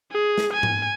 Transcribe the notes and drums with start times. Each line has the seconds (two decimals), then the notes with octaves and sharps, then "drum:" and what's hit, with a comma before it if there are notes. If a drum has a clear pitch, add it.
0.12 G#4
0.38 drum: snare
0.53 G#5
0.63 drum: tom G#2